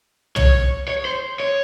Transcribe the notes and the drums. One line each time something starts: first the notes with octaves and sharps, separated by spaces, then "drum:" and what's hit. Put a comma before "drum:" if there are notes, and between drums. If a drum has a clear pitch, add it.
C#5, drum: tom
C#5
C5
C#5